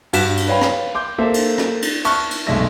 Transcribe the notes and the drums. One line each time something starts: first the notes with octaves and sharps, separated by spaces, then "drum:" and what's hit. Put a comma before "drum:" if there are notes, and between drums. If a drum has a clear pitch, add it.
G2 F#4 F#6 B6 E7, drum: cymbal
drum: cymbal
B4 C#5 F5 G5 B5
drum: rim click
C6 D6 G6
A#3 A4 C5 E5
drum: cymbal
drum: rim click
drum: cymbal
E5 A5 C#6 F6 F#6, drum: cymbal
drum: cymbal
F1 B1 G#3 A3 E5 A#6